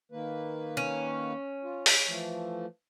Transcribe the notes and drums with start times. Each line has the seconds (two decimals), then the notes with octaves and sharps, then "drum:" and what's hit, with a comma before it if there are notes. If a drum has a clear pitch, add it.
0.12 D#3 A#3 B4
0.77 C#4
1.64 F4
1.86 drum: open hi-hat
2.08 E3 F3 A3